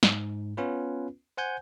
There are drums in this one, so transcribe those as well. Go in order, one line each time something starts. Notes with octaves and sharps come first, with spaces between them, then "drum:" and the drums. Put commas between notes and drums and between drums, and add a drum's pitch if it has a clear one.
G#2, drum: snare
B3 C#4 F4 B4
C5 F#5 G#5 G6